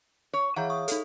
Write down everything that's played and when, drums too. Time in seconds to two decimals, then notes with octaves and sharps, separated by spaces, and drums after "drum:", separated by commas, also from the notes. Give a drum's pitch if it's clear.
0.33 C#5
0.56 E3 G#4 C#5 F5 F#5 A#5 G6
0.70 C#6 D#6
0.88 D#4 A4, drum: hi-hat